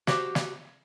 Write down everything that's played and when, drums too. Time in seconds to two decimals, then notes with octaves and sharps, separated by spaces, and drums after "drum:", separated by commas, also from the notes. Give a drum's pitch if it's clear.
0.07 F#4 G4 C5, drum: snare
0.35 drum: snare